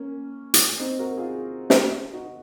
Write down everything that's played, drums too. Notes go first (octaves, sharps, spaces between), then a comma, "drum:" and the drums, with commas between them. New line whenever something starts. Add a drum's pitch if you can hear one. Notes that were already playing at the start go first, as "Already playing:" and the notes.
Already playing: A#3 C#4
drum: hi-hat
C4 D#4
F#4 A#4
F4 G#4
drum: snare
D#4 F#4